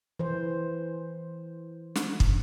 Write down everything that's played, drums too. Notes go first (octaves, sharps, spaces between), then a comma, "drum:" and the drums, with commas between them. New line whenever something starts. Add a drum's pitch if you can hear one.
E3 C5
drum: snare
drum: kick